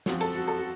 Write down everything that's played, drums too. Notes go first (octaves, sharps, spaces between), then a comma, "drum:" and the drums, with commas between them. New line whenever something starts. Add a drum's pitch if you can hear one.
F#2 F3 C4 F#4, drum: snare
A4, drum: cymbal
F#4
A4
F#4